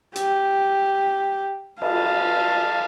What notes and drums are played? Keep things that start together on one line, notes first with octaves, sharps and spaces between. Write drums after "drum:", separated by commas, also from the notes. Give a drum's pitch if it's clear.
G4, drum: hi-hat
F5 A5, drum: cymbal